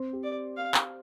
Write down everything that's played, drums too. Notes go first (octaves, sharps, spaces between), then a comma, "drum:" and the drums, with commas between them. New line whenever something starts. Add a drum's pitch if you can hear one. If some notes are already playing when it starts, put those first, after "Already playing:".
Already playing: C4 C5
G4
D5
F5
drum: clap